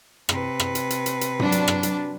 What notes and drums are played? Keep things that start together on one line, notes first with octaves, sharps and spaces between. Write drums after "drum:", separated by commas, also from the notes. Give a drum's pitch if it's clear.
C3 B4, drum: rim click
drum: rim click
drum: hi-hat
drum: hi-hat
drum: hi-hat
drum: hi-hat
F#3 D4, drum: tom
drum: hi-hat
drum: rim click
drum: hi-hat